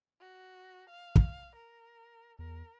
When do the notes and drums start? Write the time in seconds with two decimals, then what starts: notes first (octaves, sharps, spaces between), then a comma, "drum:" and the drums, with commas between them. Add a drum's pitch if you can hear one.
0.20 F#4
0.90 F5
1.16 drum: kick
1.56 A#4
2.39 E2 A#4